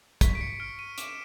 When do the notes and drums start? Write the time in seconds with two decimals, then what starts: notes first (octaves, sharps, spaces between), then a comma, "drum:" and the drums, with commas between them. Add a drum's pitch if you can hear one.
0.21 C#6 B6, drum: kick, hi-hat
0.35 D7
0.41 C#7
0.60 F6 D7
0.79 D#7
0.98 D6 E7, drum: hi-hat